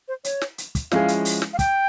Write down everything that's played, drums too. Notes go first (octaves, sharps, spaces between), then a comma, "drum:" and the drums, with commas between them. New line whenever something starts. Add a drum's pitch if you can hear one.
C5
C#5, drum: hi-hat
drum: snare
drum: hi-hat
drum: kick, hi-hat
F3 G#3 C#4 E4 G#4 F5, drum: snare
drum: hi-hat
drum: open hi-hat
drum: snare
F5
G5, drum: kick, hi-hat